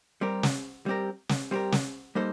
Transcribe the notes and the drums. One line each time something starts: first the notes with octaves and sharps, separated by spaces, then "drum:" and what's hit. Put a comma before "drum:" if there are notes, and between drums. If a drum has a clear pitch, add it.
G3 C4 G4 A#4
drum: snare
G3 C4 G4 A#4
drum: snare
G3 C4 G4 A#4
drum: snare
G3 A#3 D#4 A4 C5